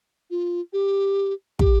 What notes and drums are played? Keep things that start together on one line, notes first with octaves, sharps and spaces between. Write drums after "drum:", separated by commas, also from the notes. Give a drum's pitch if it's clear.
F4
G4
G4, drum: kick